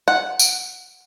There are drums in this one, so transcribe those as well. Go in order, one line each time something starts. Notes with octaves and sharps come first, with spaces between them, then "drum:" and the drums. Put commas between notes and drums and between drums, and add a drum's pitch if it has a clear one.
F#5
drum: tambourine